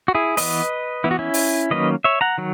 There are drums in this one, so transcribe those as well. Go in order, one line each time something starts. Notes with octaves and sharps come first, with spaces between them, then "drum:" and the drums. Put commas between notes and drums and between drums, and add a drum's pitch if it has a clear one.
F#4
E4 G#4
E3 B3 B4 D#5, drum: open hi-hat
E3 B3 E4
F#4
C#4 E4
drum: open hi-hat
D#3 F#3 A#3 C#4 B4 D#5
C#5 E5
F#5 A#5
D#3 F#3